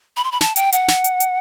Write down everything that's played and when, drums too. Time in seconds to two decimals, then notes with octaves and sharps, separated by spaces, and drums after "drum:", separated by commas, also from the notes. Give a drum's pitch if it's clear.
0.17 B5
0.24 C6
0.32 B5
0.41 A5, drum: snare
0.56 G5, drum: hi-hat
0.72 F#5, drum: hi-hat
0.88 drum: snare
1.04 drum: hi-hat
1.20 drum: hi-hat